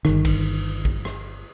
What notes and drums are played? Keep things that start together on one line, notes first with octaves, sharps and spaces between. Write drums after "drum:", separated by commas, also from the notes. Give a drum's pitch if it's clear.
G1 D#3, drum: rim click
drum: kick A#1, cymbal
drum: kick A#1
drum: rim click